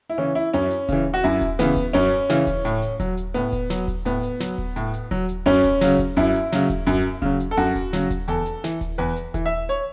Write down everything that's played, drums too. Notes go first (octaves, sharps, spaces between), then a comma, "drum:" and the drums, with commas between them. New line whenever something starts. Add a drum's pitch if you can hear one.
E4
C#3 E3 C#4
E4
F#2 C#4, drum: hi-hat
drum: hi-hat
C#3 E3, drum: kick D#1, hi-hat
F#4
F#2 E4, drum: hi-hat
drum: kick D#1, hi-hat
C#3 E3 B3, drum: snare
drum: kick D#1, hi-hat
F#2 C#4, drum: hi-hat
C#3 E3, drum: snare
drum: kick D#1, hi-hat
A2, drum: hi-hat
drum: hi-hat
F#3, drum: kick D#1, hi-hat
drum: hi-hat
A2 B3, drum: hi-hat
drum: kick D#1, hi-hat
F#3, drum: snare
drum: kick D#1, hi-hat
A2 B3, drum: hi-hat
drum: hi-hat
F#3, drum: snare
drum: kick D#1
A2, drum: hi-hat
drum: hi-hat
F#3, drum: kick D#1
drum: hi-hat
F#2 C#4, drum: hi-hat
drum: kick D#1, hi-hat
C#3 F#3, drum: snare
drum: kick D#1, hi-hat
F#2 E4, drum: hi-hat
drum: hi-hat
C#3 F#3, drum: snare
drum: kick D#1, hi-hat
F#2, drum: hi-hat
C#3 F#3, drum: kick D#1
drum: hi-hat
A4
F#2 F#4, drum: hi-hat
drum: kick D#1, hi-hat
C#3 F#3, drum: snare
drum: kick D#1, hi-hat
E2 A4, drum: hi-hat
drum: hi-hat
E3, drum: snare
drum: kick D#1, hi-hat
E2 B4, drum: hi-hat
drum: hi-hat
E3, drum: kick D#1, hi-hat
E5
C#5, drum: hi-hat